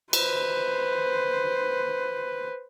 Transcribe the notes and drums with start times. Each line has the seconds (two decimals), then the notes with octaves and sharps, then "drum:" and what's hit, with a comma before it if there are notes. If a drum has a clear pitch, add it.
0.13 B4 C5, drum: cymbal